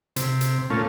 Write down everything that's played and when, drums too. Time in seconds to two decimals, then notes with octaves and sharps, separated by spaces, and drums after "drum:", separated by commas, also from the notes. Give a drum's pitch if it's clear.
0.16 C3, drum: hi-hat
0.41 drum: hi-hat
0.70 A#2 A3 C#4 F4